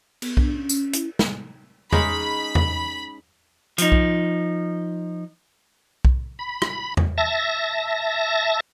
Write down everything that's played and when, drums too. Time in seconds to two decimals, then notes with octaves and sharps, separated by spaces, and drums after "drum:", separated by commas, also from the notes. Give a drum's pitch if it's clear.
0.22 B3, drum: cymbal
0.37 D4, drum: kick B1
0.55 C#4
0.69 C#4, drum: tambourine
0.93 E4, drum: hi-hat
1.19 drum: snare
1.92 G#3 C#4 D#4 B5, drum: tom E2
2.55 drum: tom E2
3.78 F3 D#4, drum: hi-hat
3.92 drum: kick B1
6.05 drum: kick B1
6.39 B5
6.62 drum: rim click
6.97 drum: tom E2
7.18 E5 A5 A#6